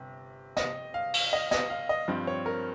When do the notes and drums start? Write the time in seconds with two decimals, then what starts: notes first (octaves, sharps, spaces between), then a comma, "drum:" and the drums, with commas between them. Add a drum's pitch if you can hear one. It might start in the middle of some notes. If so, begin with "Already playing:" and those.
Already playing: G1 C3
0.57 D#5, drum: snare
0.94 F5
1.14 drum: cymbal
1.33 D#5
1.51 D#5, drum: snare
1.70 F5
1.89 D#5
2.08 G2 F3 C4
2.27 C#5
2.46 A#4